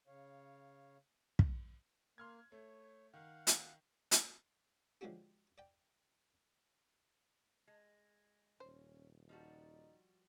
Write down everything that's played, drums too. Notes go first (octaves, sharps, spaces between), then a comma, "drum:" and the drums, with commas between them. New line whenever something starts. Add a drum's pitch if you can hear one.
C#3 C#5 F5
drum: kick
A#3 C6 F6 G#6
A3 C#5
D#3 F5 F#5
drum: hi-hat
drum: hi-hat
D3 F3 G#3 C#4 F#4 G4
D5 G5
G#3
D#1 C#4 C5
F3 G3 D#4 F#4